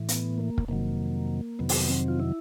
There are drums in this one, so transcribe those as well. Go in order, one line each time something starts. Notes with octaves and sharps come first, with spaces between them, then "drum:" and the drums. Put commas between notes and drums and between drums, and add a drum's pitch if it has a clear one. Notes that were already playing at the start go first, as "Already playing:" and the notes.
Already playing: A2 E3
B3, drum: hi-hat
A#3
drum: kick
F2 C3 D#3 F#3 A#3
F2 C3 D#3 F#3 B3
drum: open hi-hat
C4
F4
E4